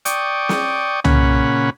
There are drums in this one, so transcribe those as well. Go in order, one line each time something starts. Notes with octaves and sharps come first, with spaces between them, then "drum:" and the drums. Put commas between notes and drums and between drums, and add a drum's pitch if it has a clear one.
D5 G5 C#6 D#6, drum: hi-hat
drum: snare
A#2 C#3 C#4 F#5 B5, drum: tom